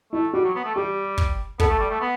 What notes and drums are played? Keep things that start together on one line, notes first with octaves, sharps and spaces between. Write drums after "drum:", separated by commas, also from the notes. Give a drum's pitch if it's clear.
A3 E4
G3 F#4
F#3
B3
A3
G3 G4
drum: kick
B3 A4, drum: kick
A3
G3
A3
B3